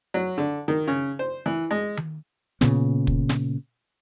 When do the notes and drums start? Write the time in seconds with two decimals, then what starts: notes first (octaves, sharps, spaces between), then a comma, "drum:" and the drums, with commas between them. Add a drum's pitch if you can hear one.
0.14 F#3
0.38 D3
0.68 D#3
0.87 C#3
1.19 C5
1.46 E3
1.71 G#3
1.97 drum: tom D#3
2.61 A#2 C#3 B3, drum: snare
3.07 drum: kick
3.29 drum: snare